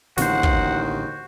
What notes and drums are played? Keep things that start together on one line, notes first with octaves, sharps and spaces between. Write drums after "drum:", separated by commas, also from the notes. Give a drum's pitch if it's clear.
A1 D#2 D3 E3 F#4 C5 F#5, drum: snare
drum: kick